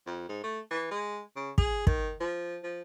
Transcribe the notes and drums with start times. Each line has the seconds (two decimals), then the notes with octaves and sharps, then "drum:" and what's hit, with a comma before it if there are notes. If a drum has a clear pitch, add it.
0.06 F2
0.29 G#2
0.44 A3
0.71 E3
0.91 G#3
1.36 C#3
1.58 G#4, drum: kick
1.87 D#3, drum: kick
2.20 F3
2.63 F3